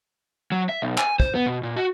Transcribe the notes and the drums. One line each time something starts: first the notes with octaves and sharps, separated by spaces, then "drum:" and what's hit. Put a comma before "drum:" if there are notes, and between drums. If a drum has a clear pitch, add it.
F#3
E5
B1
G#5, drum: clap
C5, drum: kick
B3
B2
A#2
F#4